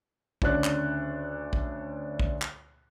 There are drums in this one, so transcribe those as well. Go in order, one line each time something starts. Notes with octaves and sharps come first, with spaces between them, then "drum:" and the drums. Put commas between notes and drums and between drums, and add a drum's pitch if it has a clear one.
D2 C#3 D4 C#5 F#6, drum: kick A#1
drum: clap
drum: kick A#1
drum: kick A#1
drum: clap